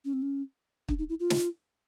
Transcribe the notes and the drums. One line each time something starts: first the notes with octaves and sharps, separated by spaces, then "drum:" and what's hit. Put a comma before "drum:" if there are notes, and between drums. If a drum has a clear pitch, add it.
C#4
C4
C#4
D4, drum: kick
D#4
E4
F4
drum: snare